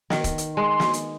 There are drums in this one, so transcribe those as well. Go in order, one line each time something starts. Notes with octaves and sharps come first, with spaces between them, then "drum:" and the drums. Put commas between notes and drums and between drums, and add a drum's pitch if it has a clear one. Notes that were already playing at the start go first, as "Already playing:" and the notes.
D#3, drum: snare
drum: kick, hi-hat
drum: hi-hat
G#3 C6
drum: snare
drum: hi-hat